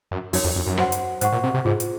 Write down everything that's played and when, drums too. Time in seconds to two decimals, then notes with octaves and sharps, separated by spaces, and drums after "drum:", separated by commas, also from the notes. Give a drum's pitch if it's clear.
0.11 F#2
0.33 F#2 D#4 F#4 A#4 C#5, drum: open hi-hat
0.44 F2
0.56 F2
0.67 F#2
0.77 F#4 C5 F#5 C6, drum: rim click
0.92 drum: hi-hat
1.21 G#2 C5 F#5 C#6, drum: hi-hat
1.32 A#2
1.44 C3
1.54 C3
1.65 G#2 F4 G#4 C5
1.80 drum: hi-hat